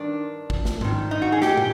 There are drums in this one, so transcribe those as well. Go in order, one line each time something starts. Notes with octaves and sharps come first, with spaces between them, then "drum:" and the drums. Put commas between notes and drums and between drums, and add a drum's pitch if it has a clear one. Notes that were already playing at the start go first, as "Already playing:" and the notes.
Already playing: G2 D#3 D4
drum: kick
drum: snare
G#2 D#3, drum: tom G#2
D#4
F#4
G#4
G4, drum: snare
drum: tom